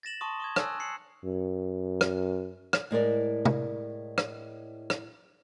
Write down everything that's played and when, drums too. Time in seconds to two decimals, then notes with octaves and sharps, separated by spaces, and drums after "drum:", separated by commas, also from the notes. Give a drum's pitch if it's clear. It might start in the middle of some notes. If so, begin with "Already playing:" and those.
0.03 A6 A#6 E7 F#7
0.21 A5 C6 C#6 D#6
0.40 C#6 D#6 G#6
0.56 G#5 A5 E6 F#6, drum: rim click
0.80 C7 C#7 F#7
1.24 F#2
2.01 drum: rim click
2.73 drum: rim click
2.91 A2 G#3 A#4 D5
3.45 drum: tom
4.18 drum: rim click
4.90 drum: rim click